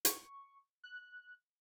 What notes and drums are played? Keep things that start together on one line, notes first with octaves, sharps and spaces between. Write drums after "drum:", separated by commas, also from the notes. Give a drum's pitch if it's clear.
C#6, drum: hi-hat
F#6